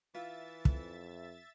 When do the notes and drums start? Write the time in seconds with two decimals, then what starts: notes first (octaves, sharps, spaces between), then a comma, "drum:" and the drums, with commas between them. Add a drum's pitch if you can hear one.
0.15 E3 F4 E5 A6
0.65 F2, drum: kick